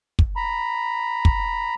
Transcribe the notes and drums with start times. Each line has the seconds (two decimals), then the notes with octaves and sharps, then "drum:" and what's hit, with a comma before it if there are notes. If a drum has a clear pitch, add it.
0.19 drum: kick
0.36 A#5 B5
1.25 drum: kick